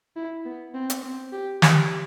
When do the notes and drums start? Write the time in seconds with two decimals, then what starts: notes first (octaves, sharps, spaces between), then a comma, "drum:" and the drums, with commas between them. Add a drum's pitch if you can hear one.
0.16 E4
0.45 B3
0.74 C4
0.90 drum: hi-hat
1.03 C4
1.32 G4
1.62 G4, drum: snare